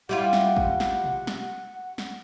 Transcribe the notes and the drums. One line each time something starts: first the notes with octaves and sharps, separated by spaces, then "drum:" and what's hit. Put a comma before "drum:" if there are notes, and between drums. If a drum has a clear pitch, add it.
G3 E4 F4 F#5
drum: snare
drum: kick
drum: snare
drum: tom B2
drum: snare
drum: snare